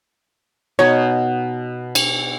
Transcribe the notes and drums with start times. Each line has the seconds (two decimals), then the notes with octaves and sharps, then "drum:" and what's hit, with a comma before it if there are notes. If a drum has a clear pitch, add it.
0.79 B2 D#4 C#5
1.95 drum: cymbal